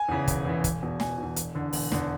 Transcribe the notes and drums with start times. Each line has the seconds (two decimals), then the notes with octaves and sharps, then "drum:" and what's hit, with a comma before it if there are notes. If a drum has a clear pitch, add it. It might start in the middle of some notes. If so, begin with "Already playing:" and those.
Already playing: G#5
0.08 E2 C#3 E3
0.27 E1, drum: kick, hi-hat
0.45 E2 C#3 E3
0.64 E1, drum: kick, hi-hat
0.83 E2 B2
1.00 E1 G#5, drum: snare
1.18 E2 B2
1.36 E1, drum: hi-hat
1.55 E2 D3
1.73 E1, drum: open hi-hat
1.92 E2 D3, drum: snare